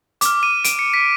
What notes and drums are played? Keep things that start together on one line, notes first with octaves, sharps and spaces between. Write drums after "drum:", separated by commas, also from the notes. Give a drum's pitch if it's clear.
D6 F6, drum: hi-hat
D#7
D7, drum: hi-hat
C#7
B6